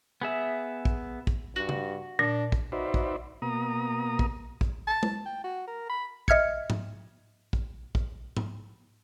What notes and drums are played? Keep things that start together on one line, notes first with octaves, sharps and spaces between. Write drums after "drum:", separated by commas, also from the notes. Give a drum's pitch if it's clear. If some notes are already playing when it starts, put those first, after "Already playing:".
B3 G#4 E5
drum: kick
drum: kick
G2 F#4
drum: tom
A#2 D4 A#6
drum: kick
D#4 F#4 B4 C5 D5 E5
drum: kick
B2 A#3 A#5 D#6
drum: kick
drum: kick
A5
drum: tom
G5
F#4
A#4
B5
D#5 E5 F6 G#6 C#7, drum: kick
drum: tom G#2
drum: kick
drum: kick
drum: tom G#2